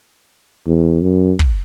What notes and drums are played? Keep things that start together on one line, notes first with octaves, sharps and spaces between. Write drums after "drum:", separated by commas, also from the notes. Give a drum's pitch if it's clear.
E2
F#2
drum: kick